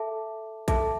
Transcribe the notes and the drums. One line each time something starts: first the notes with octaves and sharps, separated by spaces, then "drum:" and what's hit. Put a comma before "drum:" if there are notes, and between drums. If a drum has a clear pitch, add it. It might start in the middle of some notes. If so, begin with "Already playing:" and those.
Already playing: A4 E5 A5 D6
A4 E5 A5 D6, drum: kick, hi-hat